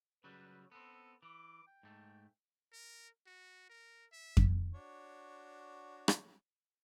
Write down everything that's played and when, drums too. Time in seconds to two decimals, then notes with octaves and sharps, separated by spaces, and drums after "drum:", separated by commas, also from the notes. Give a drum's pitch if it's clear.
0.24 C#3 F#3 G3 B4
0.72 B3 C4 A4
1.23 E3 D6
1.67 G5
1.83 G#2 A3
2.73 A#4
3.26 F#4
3.70 A#4
4.12 E5
4.37 drum: kick F2
4.74 D4 F#4 C#5
6.08 drum: rim click